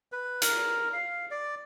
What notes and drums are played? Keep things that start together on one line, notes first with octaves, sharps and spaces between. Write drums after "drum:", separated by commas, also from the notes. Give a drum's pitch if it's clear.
B4
A#4, drum: hi-hat
F5
D5